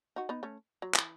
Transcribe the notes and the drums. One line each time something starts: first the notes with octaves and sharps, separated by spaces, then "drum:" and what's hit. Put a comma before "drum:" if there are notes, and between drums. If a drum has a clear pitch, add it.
D#4 F#4
B3 D#4
A3 C#4
F#3
E3, drum: clap